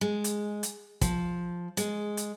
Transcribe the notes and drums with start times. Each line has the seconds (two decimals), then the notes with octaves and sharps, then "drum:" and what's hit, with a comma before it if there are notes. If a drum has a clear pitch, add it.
0.01 G#3
0.24 drum: hi-hat
0.63 drum: hi-hat
1.01 F3, drum: kick, hi-hat
1.77 G#3, drum: hi-hat
2.17 drum: hi-hat